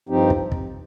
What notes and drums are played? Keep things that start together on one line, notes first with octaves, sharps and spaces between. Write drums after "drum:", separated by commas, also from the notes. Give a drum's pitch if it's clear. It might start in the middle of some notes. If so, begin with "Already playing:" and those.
G2 F3 C4 D#4 G4
drum: kick
drum: kick